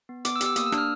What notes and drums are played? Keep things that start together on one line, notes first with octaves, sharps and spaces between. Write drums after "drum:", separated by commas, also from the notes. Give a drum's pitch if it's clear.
B3
B3 D6, drum: hi-hat
E6
G4, drum: hi-hat
E6
A#3 D#6, drum: hi-hat
E6
D4, drum: rim click
F6